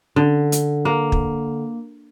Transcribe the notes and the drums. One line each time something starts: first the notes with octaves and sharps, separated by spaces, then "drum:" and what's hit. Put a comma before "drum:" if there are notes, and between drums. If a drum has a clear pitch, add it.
D3
drum: hi-hat
A#3
drum: kick